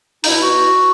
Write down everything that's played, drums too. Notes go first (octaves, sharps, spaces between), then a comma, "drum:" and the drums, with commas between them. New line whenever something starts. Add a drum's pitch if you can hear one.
D#4, drum: open hi-hat
B2 E4
B2 F#4